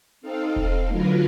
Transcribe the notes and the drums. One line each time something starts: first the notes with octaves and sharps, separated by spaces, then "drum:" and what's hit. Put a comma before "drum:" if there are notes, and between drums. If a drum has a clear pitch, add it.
C4 D#4 A4 F5
drum: kick E1
D3 F#3 F4 A#4 B4, drum: tom A3